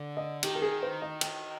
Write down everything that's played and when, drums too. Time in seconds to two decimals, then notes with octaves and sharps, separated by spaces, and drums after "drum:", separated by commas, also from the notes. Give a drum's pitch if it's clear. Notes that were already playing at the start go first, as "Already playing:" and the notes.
Already playing: D3
0.17 D#5
0.43 D#3 G4, drum: cymbal
0.55 A#4
0.62 G#4
0.83 C5
1.02 D#5
1.21 G5, drum: cymbal